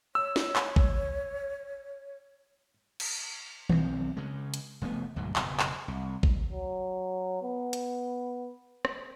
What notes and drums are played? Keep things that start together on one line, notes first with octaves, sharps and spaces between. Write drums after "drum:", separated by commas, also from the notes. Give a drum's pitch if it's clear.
C#5 E6
drum: snare
drum: clap
drum: kick A1
drum: cymbal
B1 F#3 C4, drum: tom D#3
C#3 G#3
drum: hi-hat
F1 F3 A3 B3
D2 G#2 B2 F#3
F#1 F2 B2, drum: clap
drum: clap
C2
drum: kick A1
F#3
B3
drum: hi-hat
drum: rim click